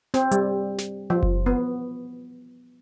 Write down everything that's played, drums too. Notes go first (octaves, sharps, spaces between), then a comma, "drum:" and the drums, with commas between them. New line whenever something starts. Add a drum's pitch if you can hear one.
C4, drum: snare
G3, drum: hi-hat
drum: snare
F3
drum: kick F#1
B3